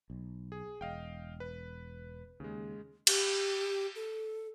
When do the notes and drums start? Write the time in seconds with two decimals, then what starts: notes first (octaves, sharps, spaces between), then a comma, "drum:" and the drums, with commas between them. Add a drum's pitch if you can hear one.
0.10 B1
0.52 G#4
0.81 E1 D#5 F5 G5
1.40 B4
2.40 D#2 C#3 G#3
3.07 G4, drum: cymbal
3.95 A4